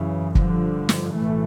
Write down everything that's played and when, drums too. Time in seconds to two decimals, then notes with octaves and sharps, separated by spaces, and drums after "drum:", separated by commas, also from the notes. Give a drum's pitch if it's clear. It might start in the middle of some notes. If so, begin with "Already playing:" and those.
Already playing: F#2 C#3 E3
0.35 G2 D3 F3, drum: kick
0.89 drum: snare
1.15 B1 A2 E3 A3